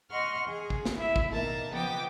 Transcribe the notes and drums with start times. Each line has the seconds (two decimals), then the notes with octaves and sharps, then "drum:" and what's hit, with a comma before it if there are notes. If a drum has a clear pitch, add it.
0.11 D#5 F#5 C6 C#6 F6
0.48 G#4
0.70 drum: kick
0.85 drum: snare
0.96 E4 E5
1.16 drum: kick
1.31 B2 D#3 A#3 A#4 A5 A#5
1.70 C#3 F3 B3 D#5 G5 D6